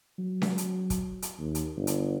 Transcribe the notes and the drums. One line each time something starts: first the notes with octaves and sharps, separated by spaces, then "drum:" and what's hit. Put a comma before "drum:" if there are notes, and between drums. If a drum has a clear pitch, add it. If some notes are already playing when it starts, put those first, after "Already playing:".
F#3
drum: snare C#4
drum: hi-hat
drum: kick, hi-hat
drum: hi-hat
D#2
drum: hi-hat
G1
drum: hi-hat